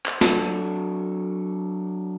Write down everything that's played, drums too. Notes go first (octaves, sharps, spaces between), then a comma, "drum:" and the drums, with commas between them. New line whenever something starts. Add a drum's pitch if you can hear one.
drum: clap
F#3 D4 F#4 A4, drum: snare